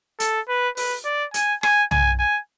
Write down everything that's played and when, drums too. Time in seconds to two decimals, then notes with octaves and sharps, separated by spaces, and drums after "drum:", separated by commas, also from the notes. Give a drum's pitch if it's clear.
0.20 A4, drum: hi-hat
0.48 B4
0.77 B4, drum: open hi-hat
1.05 D5
1.34 G#5, drum: hi-hat
1.63 G#5, drum: rim click
1.91 G#5, drum: tom
2.19 G#5